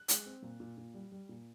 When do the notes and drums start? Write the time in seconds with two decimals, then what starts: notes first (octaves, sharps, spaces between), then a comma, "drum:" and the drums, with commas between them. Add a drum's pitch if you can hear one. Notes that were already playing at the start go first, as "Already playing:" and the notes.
Already playing: F#6
0.08 G#3, drum: hi-hat
0.26 C4
0.42 A#2
0.60 A#2
0.78 A#2
0.94 G3
1.12 G3
1.29 A#2